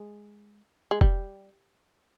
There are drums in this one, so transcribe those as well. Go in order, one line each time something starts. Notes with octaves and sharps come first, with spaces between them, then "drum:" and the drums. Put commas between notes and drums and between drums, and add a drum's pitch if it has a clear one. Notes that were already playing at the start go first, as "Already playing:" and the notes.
Already playing: G#3
G#3
G3, drum: kick F1